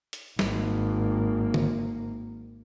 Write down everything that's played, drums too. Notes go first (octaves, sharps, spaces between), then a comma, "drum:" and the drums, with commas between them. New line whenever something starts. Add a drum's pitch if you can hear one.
drum: hi-hat
G#1 A#3, drum: snare
drum: tom D3